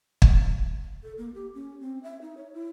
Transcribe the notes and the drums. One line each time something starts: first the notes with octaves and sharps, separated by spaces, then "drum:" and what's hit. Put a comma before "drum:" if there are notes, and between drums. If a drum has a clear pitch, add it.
drum: kick
A4
A#3
G4
C#4
C4
E5
D#4
C#5
E4